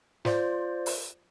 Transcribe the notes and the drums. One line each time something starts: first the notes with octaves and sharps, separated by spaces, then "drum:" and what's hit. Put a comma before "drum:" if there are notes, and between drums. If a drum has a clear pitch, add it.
F4 C5 D5, drum: snare
drum: open hi-hat